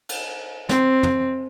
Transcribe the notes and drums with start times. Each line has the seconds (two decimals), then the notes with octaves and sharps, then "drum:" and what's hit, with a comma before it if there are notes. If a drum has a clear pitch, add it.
0.09 drum: cymbal
0.69 C4, drum: snare
1.03 drum: tom